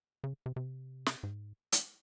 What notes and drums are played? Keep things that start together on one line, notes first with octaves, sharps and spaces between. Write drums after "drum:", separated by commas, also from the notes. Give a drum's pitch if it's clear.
C#3
C3
C3
drum: snare
G#2
drum: hi-hat